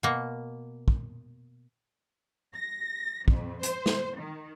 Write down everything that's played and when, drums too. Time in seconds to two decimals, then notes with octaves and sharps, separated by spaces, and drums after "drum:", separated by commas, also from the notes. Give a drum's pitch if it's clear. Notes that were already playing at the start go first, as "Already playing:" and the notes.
0.03 B2 A#3
0.88 drum: kick
2.55 A#6
3.28 F2, drum: kick
3.63 C5, drum: hi-hat
3.86 drum: snare
4.17 D#3